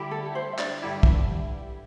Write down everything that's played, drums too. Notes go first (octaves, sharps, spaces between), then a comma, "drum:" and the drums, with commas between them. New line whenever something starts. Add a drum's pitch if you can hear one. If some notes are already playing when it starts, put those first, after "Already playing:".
Already playing: D3 G3 E4 G4
A4
C5
E5
D4 D5, drum: clap
G2 D3 G3 E4 G4
drum: kick